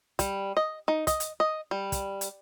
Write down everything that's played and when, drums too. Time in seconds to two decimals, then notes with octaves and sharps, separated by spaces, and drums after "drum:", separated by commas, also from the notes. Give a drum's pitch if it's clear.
0.19 G3, drum: kick, hi-hat
0.57 D#5
0.88 D#4
1.07 D#5, drum: kick, hi-hat
1.20 drum: hi-hat
1.40 D#5
1.71 G3
1.92 drum: kick, hi-hat
2.21 drum: hi-hat